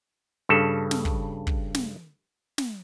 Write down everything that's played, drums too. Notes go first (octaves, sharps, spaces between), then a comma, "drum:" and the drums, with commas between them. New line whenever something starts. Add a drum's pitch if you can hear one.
G2 C#3 A4
drum: snare
drum: kick
drum: kick
drum: snare
drum: snare